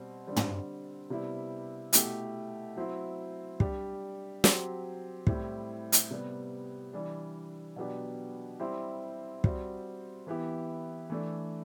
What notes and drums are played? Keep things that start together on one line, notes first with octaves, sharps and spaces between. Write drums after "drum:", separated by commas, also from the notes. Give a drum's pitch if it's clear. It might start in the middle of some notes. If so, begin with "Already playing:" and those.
Already playing: B2 G3 C4
D3 G3 C4
drum: tom
C3 G3 B3 E4
B2 A3 E4 G4, drum: hi-hat
F#3 C4 E4
G3 D4 G4, drum: kick
F#3 C4 G4, drum: snare
A2 G3 C4 E4 G4, drum: kick
drum: hi-hat
C3 G3 B3
E3 G3 D4
B2 F#3 B3 D4 G4
G3 C4 E4 G4
G3 C4 F#4, drum: kick
E3 B3 E4 G4
E3 A3 D4